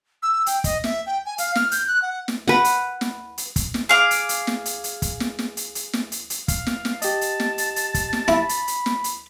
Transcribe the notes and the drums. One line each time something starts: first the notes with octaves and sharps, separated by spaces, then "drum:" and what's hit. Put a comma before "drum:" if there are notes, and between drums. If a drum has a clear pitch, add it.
E6
G5, drum: hi-hat
D#5, drum: kick, hi-hat
E5, drum: snare
G5
G#5
F5, drum: hi-hat
F6, drum: snare
G6, drum: hi-hat
F#6
F#5
drum: snare
B4 F#5, drum: snare
drum: hi-hat
drum: snare
drum: hi-hat
drum: kick, hi-hat
drum: snare
G#4 F5 D6
drum: hi-hat
drum: hi-hat
drum: snare
drum: hi-hat
drum: hi-hat
drum: kick, hi-hat
drum: snare
drum: snare
drum: hi-hat
drum: hi-hat
drum: snare
drum: hi-hat
drum: hi-hat
F5, drum: kick, hi-hat
drum: snare
drum: snare
G4 D#5 A5, drum: hi-hat
drum: hi-hat
drum: snare
drum: hi-hat
drum: hi-hat
drum: kick, hi-hat
drum: snare
E4 B5, drum: snare
drum: hi-hat
drum: hi-hat
drum: snare
drum: hi-hat